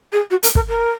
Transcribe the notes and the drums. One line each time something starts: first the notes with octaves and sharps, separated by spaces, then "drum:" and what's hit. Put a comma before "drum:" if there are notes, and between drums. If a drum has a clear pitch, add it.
G#4
F#4
A#4, drum: hi-hat
A#4, drum: kick
A#4